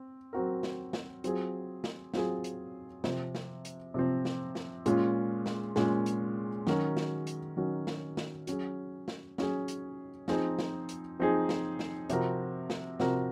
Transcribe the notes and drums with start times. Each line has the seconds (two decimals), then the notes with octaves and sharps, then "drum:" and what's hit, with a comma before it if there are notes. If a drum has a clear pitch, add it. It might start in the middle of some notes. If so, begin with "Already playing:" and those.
Already playing: C4
0.33 F#3 C4 F#4 A#4
0.63 drum: snare
0.93 drum: snare
1.24 F#3 C4 F4 G#4, drum: hi-hat
1.84 drum: snare
2.14 F#3 C4 F4 G#4, drum: snare
2.44 drum: hi-hat
3.04 C3 F3 C4, drum: snare
3.35 drum: snare
3.65 drum: hi-hat
3.94 C3 F3 C4
4.25 drum: snare
4.55 drum: snare
4.86 A#2 G#3 C#4 F4, drum: hi-hat
5.46 drum: snare
5.76 A#2 G#3 C#4 F4, drum: snare
6.06 drum: hi-hat
6.67 D#3 F#3 C#4 F#4 A#4, drum: snare
6.97 drum: snare
7.27 drum: hi-hat
7.57 D#3 F#3 C#4 F#4 A#4
7.87 drum: snare
8.17 drum: snare
8.47 F#3 C#4 G#4, drum: hi-hat
9.08 drum: snare
9.38 F#3 C#4 G#4, drum: snare
9.68 drum: hi-hat
10.28 F3 C4 D#4 G#4, drum: snare
10.59 drum: snare
10.89 drum: hi-hat
11.19 F3 C4 D#4 G#4
11.49 drum: snare
11.79 drum: snare
12.10 C3 F3 C4 F#4 A#4, drum: hi-hat
12.70 drum: snare
13.00 C3 F3 C4 F#4 A#4, drum: snare